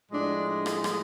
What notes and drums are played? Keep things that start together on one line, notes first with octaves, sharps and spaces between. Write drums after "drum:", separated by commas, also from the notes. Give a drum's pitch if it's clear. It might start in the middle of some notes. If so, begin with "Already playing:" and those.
A2 F3 G#3 D4
drum: rim click
drum: rim click